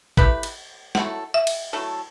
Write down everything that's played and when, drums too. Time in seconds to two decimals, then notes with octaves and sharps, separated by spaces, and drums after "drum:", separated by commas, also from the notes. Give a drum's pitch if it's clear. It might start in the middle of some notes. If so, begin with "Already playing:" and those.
0.17 A3 E4 G4 B4, drum: kick A1
0.43 drum: cymbal
0.95 F#3 A3 E4 A4 F#5, drum: snare
1.34 E5
1.47 drum: cymbal
1.73 F#3 A3 E4 A4